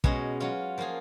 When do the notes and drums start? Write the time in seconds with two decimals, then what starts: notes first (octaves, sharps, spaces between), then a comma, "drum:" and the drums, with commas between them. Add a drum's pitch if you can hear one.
0.04 B2 G#3 C#4, drum: kick
0.40 F#3 C#4 F4
0.78 F3 A#3 F4 G#4